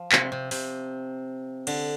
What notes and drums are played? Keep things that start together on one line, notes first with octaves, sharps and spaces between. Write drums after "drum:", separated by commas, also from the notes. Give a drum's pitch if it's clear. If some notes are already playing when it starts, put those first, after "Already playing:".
Already playing: F3
C3, drum: clap
C3
C3, drum: open hi-hat
D3, drum: cymbal